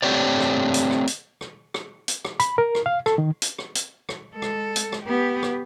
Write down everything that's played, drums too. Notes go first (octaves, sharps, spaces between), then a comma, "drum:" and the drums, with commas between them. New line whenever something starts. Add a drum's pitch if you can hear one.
A3 C4 G4 C#5 D5
drum: rim click
drum: hi-hat
drum: rim click
drum: hi-hat
drum: rim click
drum: rim click
drum: hi-hat
drum: rim click
B5, drum: hi-hat
A#4
drum: rim click
F5
A4, drum: rim click
D#3
drum: hi-hat
drum: rim click
drum: hi-hat
drum: rim click
G#3 A4
drum: rim click
drum: hi-hat
drum: rim click
B3 G4
drum: rim click